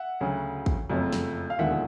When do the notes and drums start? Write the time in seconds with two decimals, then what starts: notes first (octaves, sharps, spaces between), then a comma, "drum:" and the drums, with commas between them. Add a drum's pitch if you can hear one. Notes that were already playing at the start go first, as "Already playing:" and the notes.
Already playing: E5 F#5
0.20 D2 C#3 F#3
0.66 drum: kick
0.89 F#1 F2 C#3 F#3 A3
1.13 drum: snare
1.50 F5
1.58 E1 D#2 D3 F3 G#3 E5 F#5